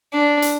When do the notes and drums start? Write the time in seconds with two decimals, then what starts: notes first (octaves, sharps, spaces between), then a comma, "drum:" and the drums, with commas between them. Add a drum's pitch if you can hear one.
0.13 D4
0.42 drum: hi-hat